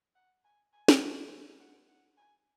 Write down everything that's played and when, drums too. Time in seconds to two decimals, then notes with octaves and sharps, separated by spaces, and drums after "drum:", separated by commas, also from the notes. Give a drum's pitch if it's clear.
0.15 F#5
0.44 G#5
0.73 G#5
0.88 drum: snare
1.02 A5
1.31 G#5
1.59 F#5
1.88 F#5
2.18 G#5